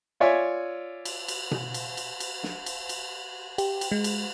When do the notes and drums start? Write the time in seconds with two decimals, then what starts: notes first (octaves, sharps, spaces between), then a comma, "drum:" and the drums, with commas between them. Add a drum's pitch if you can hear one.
0.20 F4 C#5 D5 E5 G#5
1.05 drum: cymbal
1.28 drum: cymbal
1.51 drum: tom B2
1.74 drum: cymbal
1.97 drum: cymbal
2.20 drum: cymbal
2.43 drum: snare
2.66 drum: cymbal
2.89 drum: cymbal
3.58 G4, drum: cymbal
3.81 drum: cymbal
3.92 G#3
4.04 drum: cymbal